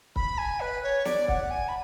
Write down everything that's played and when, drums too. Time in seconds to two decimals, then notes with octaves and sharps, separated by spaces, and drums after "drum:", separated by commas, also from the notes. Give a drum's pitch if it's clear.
0.16 B5, drum: kick C#1
0.38 G#5
0.61 B4
0.83 C#5
1.05 D5, drum: snare
1.28 F#5, drum: kick C#1
1.51 G#5
1.68 B5